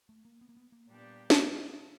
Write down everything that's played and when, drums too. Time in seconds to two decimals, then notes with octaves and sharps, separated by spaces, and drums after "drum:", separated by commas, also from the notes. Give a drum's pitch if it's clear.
0.09 A3
0.25 A#3
0.41 B3
0.49 A#3
0.57 B3
0.72 A#3
0.88 A#2 G3 B3 D4 G4
1.30 drum: snare